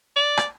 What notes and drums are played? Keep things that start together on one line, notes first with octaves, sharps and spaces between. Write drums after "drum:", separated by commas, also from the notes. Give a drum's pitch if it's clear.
D5
drum: rim click